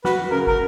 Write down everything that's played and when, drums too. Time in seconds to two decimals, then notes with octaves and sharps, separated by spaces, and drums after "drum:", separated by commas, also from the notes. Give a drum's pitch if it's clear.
0.04 F#4 B4, drum: snare
0.31 C#3 A#4
0.47 A#4, drum: kick